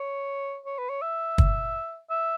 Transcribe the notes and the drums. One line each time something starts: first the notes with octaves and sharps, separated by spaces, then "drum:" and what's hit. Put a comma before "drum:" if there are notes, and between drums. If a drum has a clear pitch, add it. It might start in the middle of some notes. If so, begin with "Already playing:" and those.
Already playing: C#5
C#5
B4
C#5
E5
drum: kick
E5